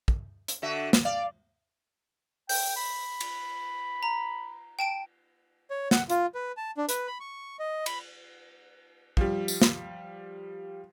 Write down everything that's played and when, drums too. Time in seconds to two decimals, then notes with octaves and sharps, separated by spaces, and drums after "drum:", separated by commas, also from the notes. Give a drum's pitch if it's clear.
0.08 drum: kick
0.48 drum: hi-hat
0.62 D3 F#4 E5
0.93 drum: snare
1.05 D5 F5
2.49 G5 G6, drum: open hi-hat
2.76 B5
3.20 drum: cymbal
4.03 A#5
4.79 G5 A5 D7
5.70 C#5
5.91 F#5, drum: snare
6.10 F4, drum: hi-hat
6.35 B4
6.57 A5
6.77 D4
6.89 B4, drum: hi-hat
7.07 B5
7.20 C#6
7.59 D#5
7.86 B5, drum: cymbal
9.17 F3 G3, drum: kick
9.48 drum: tambourine
9.62 drum: snare